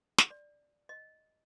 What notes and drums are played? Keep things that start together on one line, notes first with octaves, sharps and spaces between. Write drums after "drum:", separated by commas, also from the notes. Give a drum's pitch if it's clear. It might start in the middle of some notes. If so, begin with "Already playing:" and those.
drum: snare
D5
D#5